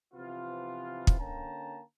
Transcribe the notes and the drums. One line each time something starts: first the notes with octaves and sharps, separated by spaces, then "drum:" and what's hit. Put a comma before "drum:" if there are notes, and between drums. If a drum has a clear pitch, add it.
C3 E3 F3 B3 F4
drum: kick
D3 A#3 C#4 G5 A5 A#5